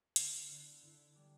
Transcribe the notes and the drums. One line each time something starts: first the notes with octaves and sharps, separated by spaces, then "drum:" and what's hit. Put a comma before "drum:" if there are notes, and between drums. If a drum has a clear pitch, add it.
D3 B3 E4, drum: hi-hat
D3 B3 E4
D3 B3 E4
E3 G3 D4